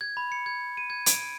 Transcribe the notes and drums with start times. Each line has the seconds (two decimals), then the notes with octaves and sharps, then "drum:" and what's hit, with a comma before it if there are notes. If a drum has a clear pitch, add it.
0.01 G#6
0.17 B5
0.32 C#7
0.46 G#6
0.77 D#7
0.90 G#6
1.06 D7, drum: hi-hat